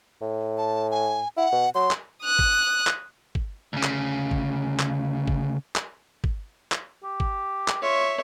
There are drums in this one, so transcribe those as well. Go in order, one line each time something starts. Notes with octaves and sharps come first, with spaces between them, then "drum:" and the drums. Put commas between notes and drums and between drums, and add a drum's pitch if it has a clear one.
A2
A5
G#5
E4 F#5
B2
F#3 C6
drum: clap
D#6 F#6
drum: kick
drum: clap
drum: kick
D2 C#3
drum: clap
drum: kick
drum: clap
drum: kick
drum: clap
drum: kick
drum: clap
G4
drum: kick
drum: clap
F4 C#5 E5